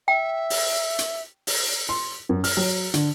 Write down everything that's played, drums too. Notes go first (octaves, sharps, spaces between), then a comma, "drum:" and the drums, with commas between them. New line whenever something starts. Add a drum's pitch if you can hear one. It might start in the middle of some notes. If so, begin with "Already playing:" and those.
E5 G5
drum: open hi-hat
drum: hi-hat
drum: open hi-hat
C6
F#2
F6, drum: open hi-hat
F#3
D3, drum: hi-hat